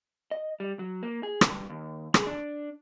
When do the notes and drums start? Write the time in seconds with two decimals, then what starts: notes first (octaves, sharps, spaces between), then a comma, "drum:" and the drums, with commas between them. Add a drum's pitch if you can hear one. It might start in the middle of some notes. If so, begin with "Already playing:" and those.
0.31 D#5
0.60 G3
0.79 F#3
1.03 A#3
1.23 G#4
1.41 G2, drum: rim click
1.70 D#2
2.14 G#4, drum: rim click
2.27 D4